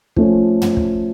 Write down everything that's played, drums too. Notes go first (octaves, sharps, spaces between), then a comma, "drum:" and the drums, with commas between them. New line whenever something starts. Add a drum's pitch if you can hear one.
F3 A3 C#4, drum: kick
drum: tom
drum: kick